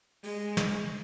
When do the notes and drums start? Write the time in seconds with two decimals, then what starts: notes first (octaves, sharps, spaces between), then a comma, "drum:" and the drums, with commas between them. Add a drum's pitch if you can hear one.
0.24 G#3, drum: open hi-hat
0.57 drum: snare